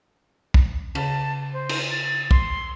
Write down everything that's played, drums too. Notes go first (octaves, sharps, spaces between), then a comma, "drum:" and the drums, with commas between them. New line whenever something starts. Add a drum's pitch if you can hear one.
drum: kick
C#3 A5, drum: cymbal
C5
drum: cymbal
A6
C6, drum: kick